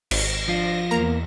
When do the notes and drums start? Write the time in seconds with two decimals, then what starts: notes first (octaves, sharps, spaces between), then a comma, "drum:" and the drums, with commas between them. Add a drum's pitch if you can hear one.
0.11 G#1 A#6, drum: cymbal
0.48 F3 D4 F4
0.91 E2 A#3 A#5